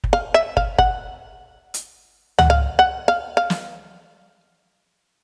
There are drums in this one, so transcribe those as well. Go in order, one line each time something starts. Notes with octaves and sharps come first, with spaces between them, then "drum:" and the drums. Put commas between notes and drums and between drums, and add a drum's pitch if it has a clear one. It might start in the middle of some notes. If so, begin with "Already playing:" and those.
drum: kick
F5
E5
F5, drum: kick
F#5, drum: kick
drum: hi-hat
F#5, drum: tom C#2
F5
F#5
F5
F5
drum: snare